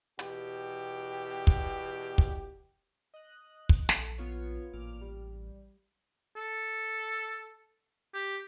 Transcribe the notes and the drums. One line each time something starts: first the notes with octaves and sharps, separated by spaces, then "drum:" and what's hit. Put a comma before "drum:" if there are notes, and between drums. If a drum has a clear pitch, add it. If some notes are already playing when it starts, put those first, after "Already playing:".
E2 B2 G4, drum: hi-hat
drum: kick
drum: kick
D#5 F#6
drum: kick
A#1 A4, drum: snare
B3 F4 C#5
A1 A#2 D6 F6
G3
A4
G4